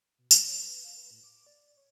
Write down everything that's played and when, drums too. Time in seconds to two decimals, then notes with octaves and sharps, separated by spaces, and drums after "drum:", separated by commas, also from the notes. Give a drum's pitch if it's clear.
0.18 B2
0.31 G3, drum: tambourine
0.46 C#5
0.60 B4
0.84 F5
0.97 B4
1.11 A2
1.24 D6
1.46 D5
1.77 C#5